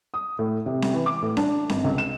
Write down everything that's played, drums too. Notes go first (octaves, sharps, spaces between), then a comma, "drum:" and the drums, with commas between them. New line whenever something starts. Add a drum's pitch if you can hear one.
D#6
A2
C3
drum: snare C#4
E3
D6
A2
D4, drum: snare C#4
G#1, drum: snare C#4
C#2
E7